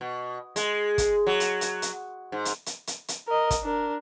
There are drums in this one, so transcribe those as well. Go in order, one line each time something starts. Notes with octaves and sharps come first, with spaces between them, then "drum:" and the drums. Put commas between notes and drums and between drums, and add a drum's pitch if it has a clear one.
B2
G#3, drum: hi-hat
drum: kick, hi-hat
F#3
drum: hi-hat
drum: hi-hat
drum: hi-hat
G#2
drum: hi-hat
drum: hi-hat
drum: hi-hat
drum: hi-hat
A#4 D#5
drum: kick, hi-hat
D4 A#4